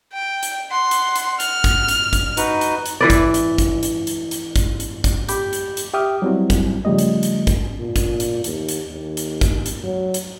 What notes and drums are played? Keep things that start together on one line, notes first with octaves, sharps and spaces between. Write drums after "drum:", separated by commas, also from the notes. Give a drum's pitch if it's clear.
G5
drum: hi-hat
F#5 C6
drum: hi-hat
drum: hi-hat
F6, drum: hi-hat
drum: kick, hi-hat
drum: hi-hat
drum: kick, hi-hat
D#4 F#4 B4, drum: hi-hat
drum: hi-hat
drum: hi-hat
E3 B4 D5
drum: kick, hi-hat
drum: hi-hat
drum: kick, hi-hat
drum: hi-hat
drum: hi-hat
drum: hi-hat
drum: kick, hi-hat
drum: hi-hat
drum: kick, hi-hat
G4 B5 D6 G6, drum: hi-hat
drum: hi-hat
drum: hi-hat
G4 E5 G5 D6 D#6 F6
F#3 G3 C4 E4 F#4
drum: kick, hi-hat
C#3 F3 G3 A3 D#5
drum: hi-hat
drum: hi-hat
drum: kick, hi-hat
A#2
drum: kick, hi-hat
drum: hi-hat
D#2, drum: hi-hat
drum: hi-hat
D#2
drum: hi-hat
drum: kick, hi-hat
drum: hi-hat
F#3
drum: hi-hat